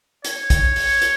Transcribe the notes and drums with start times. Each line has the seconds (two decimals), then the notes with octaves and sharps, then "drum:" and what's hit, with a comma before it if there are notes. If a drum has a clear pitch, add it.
0.24 C#5, drum: hi-hat
0.50 drum: kick, hi-hat
0.76 drum: open hi-hat
1.02 drum: hi-hat